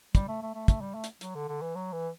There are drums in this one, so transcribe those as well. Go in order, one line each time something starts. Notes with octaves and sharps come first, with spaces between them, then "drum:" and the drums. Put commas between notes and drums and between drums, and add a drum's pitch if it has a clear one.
G3, drum: kick, hi-hat
A3
A3
A3
A3, drum: kick, hi-hat
G3
A3
drum: hi-hat
F#3, drum: hi-hat
D3
D3
E3
F#3
E3